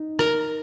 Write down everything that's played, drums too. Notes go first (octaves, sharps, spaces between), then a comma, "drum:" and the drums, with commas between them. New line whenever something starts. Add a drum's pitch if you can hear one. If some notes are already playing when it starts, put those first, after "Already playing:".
Already playing: D#4
A#4, drum: rim click